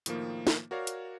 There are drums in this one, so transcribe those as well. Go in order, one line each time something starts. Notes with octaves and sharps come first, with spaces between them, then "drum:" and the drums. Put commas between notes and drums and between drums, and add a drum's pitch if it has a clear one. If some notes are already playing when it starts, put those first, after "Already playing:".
A2 D#3 F3 A#3, drum: hi-hat
drum: snare
F#4 A#4 C#5 D5 F5
drum: hi-hat